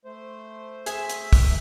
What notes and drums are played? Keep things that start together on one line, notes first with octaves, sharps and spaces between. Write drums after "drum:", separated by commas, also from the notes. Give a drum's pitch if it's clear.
A3 C5
G#4 E5, drum: hi-hat
drum: hi-hat
drum: kick, open hi-hat